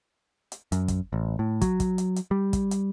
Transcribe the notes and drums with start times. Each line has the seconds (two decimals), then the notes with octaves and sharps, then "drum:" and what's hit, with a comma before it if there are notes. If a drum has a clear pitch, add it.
0.52 drum: hi-hat
0.72 F#2, drum: hi-hat
0.88 drum: kick, hi-hat
1.13 A1
1.39 A2
1.61 F#3, drum: kick, hi-hat
1.80 drum: kick, hi-hat
1.98 drum: hi-hat
2.16 drum: hi-hat
2.31 G3
2.53 drum: kick, hi-hat
2.71 drum: hi-hat